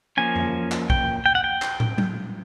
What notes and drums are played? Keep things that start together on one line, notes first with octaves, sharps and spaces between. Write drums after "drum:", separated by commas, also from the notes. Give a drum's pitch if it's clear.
F3 A#3 C#4 G#5
drum: tom F2
drum: clap
G5, drum: kick
G5
F#5
G5
drum: clap
drum: tom
drum: tom F#3